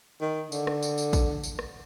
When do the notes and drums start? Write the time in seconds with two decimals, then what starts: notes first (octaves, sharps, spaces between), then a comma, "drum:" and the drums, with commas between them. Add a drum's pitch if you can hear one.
0.21 D#3
0.52 D3, drum: tambourine
0.67 drum: rim click
0.82 drum: tambourine
0.98 drum: tambourine
1.13 drum: kick, tambourine
1.44 drum: tambourine
1.59 drum: rim click